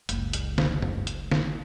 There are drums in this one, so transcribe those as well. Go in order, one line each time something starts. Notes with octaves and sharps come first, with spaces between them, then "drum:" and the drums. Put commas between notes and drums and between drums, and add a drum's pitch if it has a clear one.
F#1 C#2, drum: hi-hat
drum: hi-hat
drum: snare
drum: tom F#2
drum: hi-hat
drum: snare